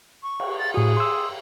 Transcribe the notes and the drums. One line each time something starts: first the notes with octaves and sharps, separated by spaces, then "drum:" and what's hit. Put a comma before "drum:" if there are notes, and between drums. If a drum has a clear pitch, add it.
C#6
drum: cymbal
A6
A2 F#4 G#4
C6 E6